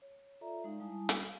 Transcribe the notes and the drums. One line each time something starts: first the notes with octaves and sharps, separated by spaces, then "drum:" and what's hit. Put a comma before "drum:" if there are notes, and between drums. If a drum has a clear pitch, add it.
C#5
F4 A4 D5 E5 A#5
G#3 D#4 F5
G3 E4 G#5 A5 D#6
F#4 F5 D#6, drum: hi-hat